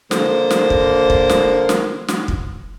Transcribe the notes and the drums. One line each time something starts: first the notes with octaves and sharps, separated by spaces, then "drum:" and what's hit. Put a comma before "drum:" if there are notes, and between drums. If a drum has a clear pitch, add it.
D3 A#3 C5, drum: snare
drum: snare
drum: kick
drum: kick
drum: snare
drum: snare
drum: snare
drum: kick